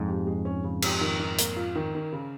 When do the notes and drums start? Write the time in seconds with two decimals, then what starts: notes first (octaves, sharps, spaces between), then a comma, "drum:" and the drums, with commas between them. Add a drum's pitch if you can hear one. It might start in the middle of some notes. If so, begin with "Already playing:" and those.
Already playing: F2 G#2
0.08 G4
0.27 G#3
0.45 C#4
0.64 C#3
0.82 G4, drum: cymbal
1.01 D#3
1.20 D#3
1.39 A#3, drum: hi-hat
1.56 F4
1.76 D#3
1.95 D#3
2.12 C#3